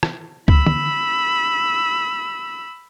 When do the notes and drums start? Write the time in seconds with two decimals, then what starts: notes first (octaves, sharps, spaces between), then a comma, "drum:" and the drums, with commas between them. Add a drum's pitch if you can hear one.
0.03 drum: rim click
0.48 B5 E6, drum: kick
0.67 drum: tom D3